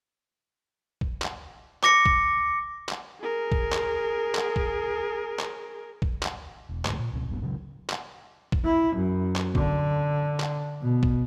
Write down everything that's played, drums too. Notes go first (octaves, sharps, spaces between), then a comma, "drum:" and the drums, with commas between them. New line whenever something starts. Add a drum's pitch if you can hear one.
drum: kick
drum: clap
D6 A#6 C#7, drum: clap
drum: kick
drum: clap
G#4 A#4
drum: kick
drum: clap
drum: clap
drum: kick
drum: clap
drum: kick
drum: clap
E1
D2 G#2 A#3, drum: clap
A#2
C#2 B2
D1 G#1 G2 B3
A#2 C#3 E3 F#3
drum: clap
drum: kick
E4
F#2
drum: clap
D3, drum: kick
drum: clap
B2
drum: kick